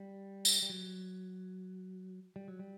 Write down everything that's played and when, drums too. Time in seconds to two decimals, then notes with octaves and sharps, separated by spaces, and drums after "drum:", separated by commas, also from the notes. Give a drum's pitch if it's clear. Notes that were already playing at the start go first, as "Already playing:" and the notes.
Already playing: G3
0.45 drum: tambourine
0.62 G3
0.69 F#3
2.36 G3
2.48 F#3
2.59 G3